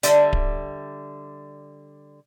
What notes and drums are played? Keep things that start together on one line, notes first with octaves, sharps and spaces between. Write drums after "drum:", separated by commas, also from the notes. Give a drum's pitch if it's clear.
D3 G3 D5 E5, drum: hi-hat
drum: kick D1